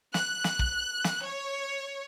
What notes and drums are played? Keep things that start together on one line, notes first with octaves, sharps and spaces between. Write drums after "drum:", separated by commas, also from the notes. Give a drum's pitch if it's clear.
F#6, drum: snare
drum: snare
drum: kick
drum: snare
C#5